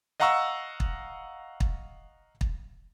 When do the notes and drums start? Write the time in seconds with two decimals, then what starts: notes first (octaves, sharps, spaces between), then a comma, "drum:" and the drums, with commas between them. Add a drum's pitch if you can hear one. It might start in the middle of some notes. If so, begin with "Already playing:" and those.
0.20 D#5 F5 F#5 A#5 C#6 E6
0.80 drum: kick
1.60 drum: kick
2.41 drum: kick